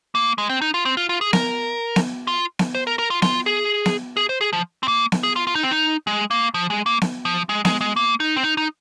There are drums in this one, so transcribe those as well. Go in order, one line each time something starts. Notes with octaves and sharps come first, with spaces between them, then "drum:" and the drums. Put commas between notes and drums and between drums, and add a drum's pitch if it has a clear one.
A#3
G#3
C4
D#4
F4
C4
F4
F4
G#4
A#4, drum: snare B3
drum: snare B3
F4
drum: snare B3
C5
A#4
A#4
F4
F4, drum: snare B3
G#4
drum: snare B3
G#4
C5
G#4
F3
C4
A#3
drum: snare B3
G#4
F4
F4
D#4
C4
D#4
G#3
A#3
F3
G#3
A#3
drum: snare B3
F3
G#3
G#3, drum: snare B3
G#3
A#3
D#4
C4
D#4
D#4